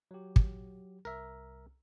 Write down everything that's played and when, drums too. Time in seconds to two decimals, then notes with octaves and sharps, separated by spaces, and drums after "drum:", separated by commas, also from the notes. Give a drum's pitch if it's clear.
0.11 F#3 G4
0.36 drum: kick
1.05 C2 A#4 E5